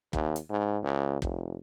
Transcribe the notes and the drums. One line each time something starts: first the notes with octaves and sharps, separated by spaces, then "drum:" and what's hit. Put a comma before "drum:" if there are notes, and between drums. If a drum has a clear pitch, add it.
D#2, drum: kick
drum: hi-hat
G#2
C#2
F1, drum: kick